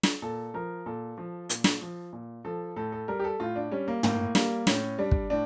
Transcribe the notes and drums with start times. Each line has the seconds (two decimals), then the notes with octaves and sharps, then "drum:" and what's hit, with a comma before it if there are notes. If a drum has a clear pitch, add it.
0.03 drum: snare
0.22 A#2 A4
0.54 F3 A#4
0.86 A#2 A4
1.18 F3
1.49 A#2, drum: hi-hat
1.64 drum: snare
1.81 F3
2.13 A#2
2.45 F3 A4
2.76 A2 A4
2.92 A4
3.08 G3 A#4
3.19 G4
3.24 A4
3.40 A2 F4
3.56 D4
3.72 G3 C#4
3.88 A#3
4.03 A2 A#3, drum: tom
4.35 G3 A#3, drum: snare
4.67 A2 C#4, drum: snare
4.98 G3 D4
5.12 drum: kick
5.30 A2 D4